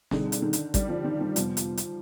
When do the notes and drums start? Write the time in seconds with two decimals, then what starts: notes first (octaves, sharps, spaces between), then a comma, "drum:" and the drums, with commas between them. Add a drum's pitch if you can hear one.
0.11 B2 D3 G3 C4 D#4 G#4, drum: snare
0.32 drum: hi-hat
0.42 D#3
0.53 drum: hi-hat
0.74 G3, drum: kick, hi-hat
0.89 F3
1.04 D#3
1.21 D#3
1.36 F2 C3 F3 G3 B3 F4, drum: hi-hat
1.57 drum: hi-hat
1.77 drum: hi-hat